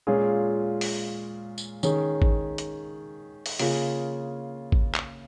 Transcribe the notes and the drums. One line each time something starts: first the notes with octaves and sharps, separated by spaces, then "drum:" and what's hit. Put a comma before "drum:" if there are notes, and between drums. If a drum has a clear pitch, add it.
A#2 G#3 C#4 F4 G#4
drum: open hi-hat
drum: tambourine
D#3 C#4 G#4, drum: tambourine
drum: kick G#1
drum: hi-hat
drum: open hi-hat
C#3 A#3 F4 G#4, drum: open hi-hat
drum: kick G#1
drum: clap